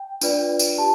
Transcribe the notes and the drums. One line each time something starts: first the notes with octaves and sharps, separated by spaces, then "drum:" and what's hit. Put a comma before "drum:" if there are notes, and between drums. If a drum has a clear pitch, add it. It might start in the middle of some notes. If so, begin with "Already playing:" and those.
Already playing: G5
D4 F4 B4 D5, drum: tambourine
drum: tambourine
G4 A5